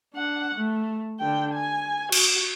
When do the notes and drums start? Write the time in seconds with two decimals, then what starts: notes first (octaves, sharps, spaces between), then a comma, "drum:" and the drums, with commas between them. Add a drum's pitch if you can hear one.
0.14 D4 F#5
0.55 A3
1.20 D3 G5
1.54 G#5
2.12 F#4, drum: cymbal